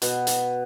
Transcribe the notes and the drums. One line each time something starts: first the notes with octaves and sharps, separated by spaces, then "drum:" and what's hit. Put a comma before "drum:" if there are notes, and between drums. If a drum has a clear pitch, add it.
B2, drum: hi-hat
drum: hi-hat